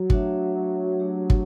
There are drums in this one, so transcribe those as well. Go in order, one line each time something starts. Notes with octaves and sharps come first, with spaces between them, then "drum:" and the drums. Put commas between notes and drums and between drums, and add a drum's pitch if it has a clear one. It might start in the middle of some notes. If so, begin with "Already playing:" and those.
Already playing: F#3
A3 D4 F#4 C#5 E5, drum: kick
A3 D4 G4
drum: kick